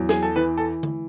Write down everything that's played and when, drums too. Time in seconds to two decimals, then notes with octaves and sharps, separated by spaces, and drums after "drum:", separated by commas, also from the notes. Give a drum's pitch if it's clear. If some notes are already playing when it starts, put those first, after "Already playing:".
Already playing: E2 F#3
0.09 G#4, drum: snare
0.23 A4
0.36 E3 B4
0.57 A4
0.83 drum: tom D3